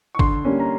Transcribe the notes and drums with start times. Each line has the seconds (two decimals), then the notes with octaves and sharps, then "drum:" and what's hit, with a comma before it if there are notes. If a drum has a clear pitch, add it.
0.15 C#6
0.19 D3 C6, drum: kick
0.45 G3 A#3 C#4
0.60 A#5